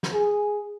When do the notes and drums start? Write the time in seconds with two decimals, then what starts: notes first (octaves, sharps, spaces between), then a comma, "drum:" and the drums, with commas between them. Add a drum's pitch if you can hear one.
0.03 drum: snare
0.13 G#4